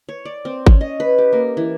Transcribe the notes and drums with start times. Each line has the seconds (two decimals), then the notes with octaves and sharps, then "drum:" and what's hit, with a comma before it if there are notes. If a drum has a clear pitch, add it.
0.09 C#5
0.25 D5
0.45 C4
0.67 C#4, drum: kick G#1
0.81 D#5
1.00 B4
1.18 G4
1.33 A#3
1.57 E3